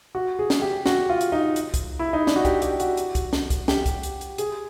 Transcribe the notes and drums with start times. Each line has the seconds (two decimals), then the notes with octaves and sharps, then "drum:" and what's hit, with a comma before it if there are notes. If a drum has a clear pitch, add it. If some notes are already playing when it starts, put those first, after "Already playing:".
0.15 F#4
0.39 G#4
0.50 drum: snare
0.62 G4
0.86 F#4, drum: snare
1.10 F4
1.21 drum: hi-hat
1.32 D#4
1.56 drum: hi-hat
1.74 drum: kick C2, hi-hat
1.99 E4
2.13 D#4
2.27 D4, drum: snare
2.36 F#4
2.45 G4, drum: kick C2, hi-hat
2.62 G4, drum: hi-hat
2.80 F#4, drum: hi-hat
2.97 drum: hi-hat
3.15 drum: kick C2, hi-hat
3.33 drum: snare
3.50 drum: kick C2, hi-hat
3.68 G4, drum: snare
3.86 drum: kick C2, hi-hat
4.03 drum: hi-hat
4.21 drum: hi-hat
4.38 G#4, drum: hi-hat